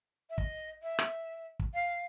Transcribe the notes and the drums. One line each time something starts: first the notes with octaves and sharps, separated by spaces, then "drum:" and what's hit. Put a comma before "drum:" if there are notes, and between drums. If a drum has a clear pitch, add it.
E5
D#5, drum: kick
E5
drum: rim click
drum: kick
F5